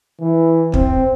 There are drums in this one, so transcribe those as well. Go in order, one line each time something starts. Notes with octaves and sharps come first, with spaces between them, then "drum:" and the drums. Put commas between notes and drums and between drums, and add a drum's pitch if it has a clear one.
E3
C4, drum: kick